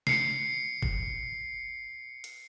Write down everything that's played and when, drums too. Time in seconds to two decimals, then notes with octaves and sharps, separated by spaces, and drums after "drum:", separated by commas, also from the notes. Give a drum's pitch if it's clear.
0.07 C7 C#7, drum: snare
0.82 drum: kick F#1
2.24 drum: hi-hat